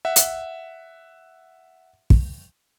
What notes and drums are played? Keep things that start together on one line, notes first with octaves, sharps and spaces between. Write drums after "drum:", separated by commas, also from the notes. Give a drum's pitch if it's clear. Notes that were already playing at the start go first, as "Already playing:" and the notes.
E5 F#5
drum: hi-hat
drum: kick